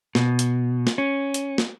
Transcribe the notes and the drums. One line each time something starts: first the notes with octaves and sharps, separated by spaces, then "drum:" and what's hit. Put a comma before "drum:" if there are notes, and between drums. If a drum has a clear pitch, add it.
B2, drum: snare
drum: hi-hat
drum: snare
C#4
drum: hi-hat
drum: snare